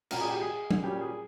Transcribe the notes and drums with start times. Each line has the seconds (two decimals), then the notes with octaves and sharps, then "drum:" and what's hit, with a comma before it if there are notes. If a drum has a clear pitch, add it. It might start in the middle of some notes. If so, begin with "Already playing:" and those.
0.11 A#2 G3 C#4 A#4, drum: cymbal
0.21 G#4
0.31 G4
0.41 G#4
0.71 drum: tom F#3
0.83 A#2 G3 C#4 G4
1.01 G#4